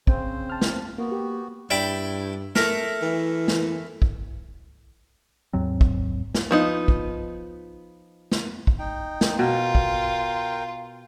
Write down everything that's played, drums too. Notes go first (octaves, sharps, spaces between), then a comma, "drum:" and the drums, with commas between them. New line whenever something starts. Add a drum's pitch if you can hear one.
C#3 C4 C5, drum: kick
A5 F6
drum: snare
A#3 B3 F#4
G4
G2 E4 D5 G5
A3 A#4, drum: snare
E3
drum: snare
drum: kick
D#2 G#2 F#3 C4
drum: kick
drum: snare
F3 B3 D#4
drum: kick
drum: snare
drum: kick
D#4 G5
drum: snare
B2 F4 A#4 G5
drum: kick